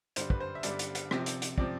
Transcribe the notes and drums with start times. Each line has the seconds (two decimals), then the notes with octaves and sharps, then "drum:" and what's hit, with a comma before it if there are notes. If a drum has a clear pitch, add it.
0.16 G2 D3 G3 D4 C5, drum: hi-hat
0.30 B4, drum: kick
0.40 C5
0.55 E5
0.63 G2 D3 G3 D4 D5, drum: hi-hat
0.79 drum: hi-hat
0.95 drum: hi-hat
1.11 C3 F3 C4, drum: rim click
1.26 drum: hi-hat
1.42 drum: hi-hat
1.58 C3 F3 C4 D5, drum: kick